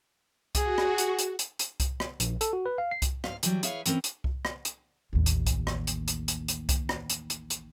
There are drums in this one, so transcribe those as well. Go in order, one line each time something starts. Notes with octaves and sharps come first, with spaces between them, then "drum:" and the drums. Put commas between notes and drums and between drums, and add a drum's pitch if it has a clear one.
F#4 G#4, drum: kick C2, hi-hat
drum: rim click
drum: hi-hat
drum: hi-hat
drum: hi-hat
drum: hi-hat
drum: kick C2, hi-hat
drum: rim click
A#1, drum: hi-hat
A4, drum: hi-hat
F#4
B4
F5
C7
drum: kick C2, hi-hat
G#2 F5, drum: rim click
E3 F#3 G3, drum: hi-hat
E4 G#4 B4 C#5 E5 F5, drum: hi-hat
E3 C4 C#4 A#4, drum: hi-hat
drum: hi-hat
drum: kick C2
drum: rim click
drum: hi-hat
A1 D#2
drum: hi-hat
drum: kick C2, hi-hat
drum: rim click
drum: hi-hat
drum: hi-hat
drum: hi-hat
drum: hi-hat
drum: kick C2, hi-hat
drum: rim click
drum: hi-hat
drum: hi-hat
drum: hi-hat